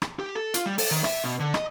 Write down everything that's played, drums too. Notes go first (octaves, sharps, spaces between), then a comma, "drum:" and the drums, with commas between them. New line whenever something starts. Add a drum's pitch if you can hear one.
drum: rim click
G4
A4
F4, drum: hi-hat
G3
A4, drum: open hi-hat
D#3
E5, drum: rim click
B2
D3
D#5, drum: rim click